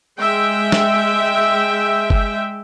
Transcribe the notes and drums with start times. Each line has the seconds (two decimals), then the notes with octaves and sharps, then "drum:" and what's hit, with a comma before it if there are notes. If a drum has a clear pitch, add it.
0.20 G#3 E5 G5
0.72 drum: snare
2.10 drum: kick F#1